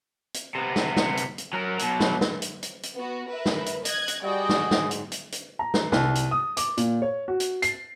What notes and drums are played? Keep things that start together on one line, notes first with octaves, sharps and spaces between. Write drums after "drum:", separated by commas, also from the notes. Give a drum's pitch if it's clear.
drum: hi-hat
C3 B3
drum: snare
drum: snare
drum: hi-hat
drum: hi-hat
F#3 A#4
B2 F#3, drum: hi-hat
drum: snare
drum: snare
drum: hi-hat
drum: hi-hat
drum: hi-hat
B3 F#4
A#4 B4 E5
drum: snare
drum: hi-hat
D#5 F#6 G#6, drum: hi-hat
drum: hi-hat
G3 F#4 G#4 D5 D#5 G5
drum: snare
G#2, drum: snare
drum: hi-hat
drum: hi-hat
drum: hi-hat
A#5
drum: snare
C2, drum: snare
drum: hi-hat
D#6
D6, drum: hi-hat
A#2, drum: hi-hat
C#5
F#4
drum: hi-hat
C7, drum: hi-hat